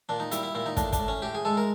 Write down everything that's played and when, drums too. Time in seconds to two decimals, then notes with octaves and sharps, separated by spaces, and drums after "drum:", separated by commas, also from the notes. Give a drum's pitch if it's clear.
0.09 A#2 D4
0.20 D#4
0.32 G3 E4, drum: hi-hat
0.43 E4
0.55 A#2 E4
0.66 D#4
0.77 A2 D4, drum: kick, hi-hat
0.93 D4, drum: kick, hi-hat
1.00 A2
1.08 C#4
1.22 A2 G4
1.35 G#4
1.45 G#3 A4
1.57 A#4